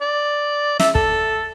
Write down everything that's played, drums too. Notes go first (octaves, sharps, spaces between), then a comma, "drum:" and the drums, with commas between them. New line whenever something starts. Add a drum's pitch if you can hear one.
D5
E5, drum: snare
A4, drum: kick